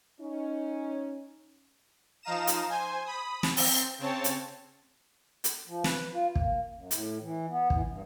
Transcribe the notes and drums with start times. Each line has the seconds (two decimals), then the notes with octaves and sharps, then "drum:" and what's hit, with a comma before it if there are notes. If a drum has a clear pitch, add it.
0.20 C#4 D#4
2.23 F3 D#4 F5 A#5 D#6 E7
2.47 drum: hi-hat
2.68 C5 G#5
3.05 B5 D#6
3.43 drum: snare
3.57 C4, drum: open hi-hat
3.99 C#3 C4 C#5 A5
4.24 drum: hi-hat
5.44 drum: hi-hat
5.67 F3
5.84 B4, drum: snare
6.13 F4
6.35 A#3, drum: kick
6.73 F#2
6.91 A2, drum: hi-hat
7.21 E3
7.50 B3
7.70 E3, drum: kick
7.89 G2